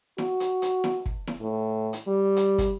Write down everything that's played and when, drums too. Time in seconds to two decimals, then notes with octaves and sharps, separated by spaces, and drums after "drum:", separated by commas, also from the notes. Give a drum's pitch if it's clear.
0.18 F#4, drum: snare E4
0.40 drum: hi-hat
0.62 drum: hi-hat
0.84 drum: snare E4
1.06 drum: kick
1.27 drum: snare E4
1.40 A2
1.93 drum: hi-hat
2.07 G3
2.37 drum: hi-hat
2.58 drum: kick, hi-hat